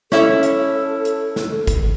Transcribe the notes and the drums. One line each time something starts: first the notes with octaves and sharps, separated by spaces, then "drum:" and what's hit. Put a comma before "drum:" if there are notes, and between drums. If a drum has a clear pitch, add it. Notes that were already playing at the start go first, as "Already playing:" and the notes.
C#4 E4 A4 C#5, drum: snare
drum: hi-hat
drum: hi-hat
drum: snare
drum: kick, hi-hat